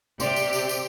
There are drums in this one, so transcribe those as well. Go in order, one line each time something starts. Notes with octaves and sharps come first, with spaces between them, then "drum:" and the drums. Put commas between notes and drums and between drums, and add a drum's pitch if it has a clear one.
C3 G4 C5 D5, drum: tambourine
drum: tambourine
drum: tambourine
drum: tambourine